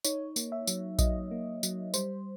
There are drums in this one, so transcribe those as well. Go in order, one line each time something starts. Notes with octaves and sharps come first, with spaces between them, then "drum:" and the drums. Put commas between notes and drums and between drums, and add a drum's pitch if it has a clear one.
D#4 C#5, drum: tambourine
A#3, drum: tambourine
E5
F#3, drum: tambourine
F#3 D#5, drum: kick A#1, tambourine
A#3
F#3, drum: tambourine
G3 C5, drum: tambourine